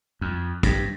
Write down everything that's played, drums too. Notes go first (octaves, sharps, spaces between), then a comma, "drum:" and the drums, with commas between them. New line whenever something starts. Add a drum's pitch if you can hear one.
F2
G2, drum: kick, hi-hat